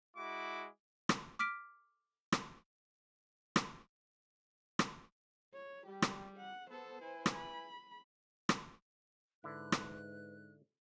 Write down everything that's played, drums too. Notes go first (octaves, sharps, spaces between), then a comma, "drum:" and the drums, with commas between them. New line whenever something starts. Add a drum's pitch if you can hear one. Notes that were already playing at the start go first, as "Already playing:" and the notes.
G#3 E4 F#4 D6
drum: rim click
D6 F6 B6 D7
drum: rim click
drum: rim click
drum: rim click
C#5
G3 G4
drum: rim click
F#5
B3 A4 C5
E4 B4 G#5
drum: rim click
B5
drum: rim click
G#2 D3 E4 B4 F#6
drum: rim click